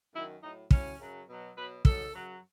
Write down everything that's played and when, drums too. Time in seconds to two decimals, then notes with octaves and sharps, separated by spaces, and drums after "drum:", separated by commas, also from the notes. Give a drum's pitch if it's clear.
0.14 F#2 D#3 F#3 E4
0.42 A2 F#3 D#4
0.71 A2 F#3 C#4, drum: kick
0.99 F#2 C#3 F#3
1.28 B2 F#3
1.56 B2 F#3 B4
1.85 G#2 F#3 A4, drum: kick
2.13 F#2 C#3 F#3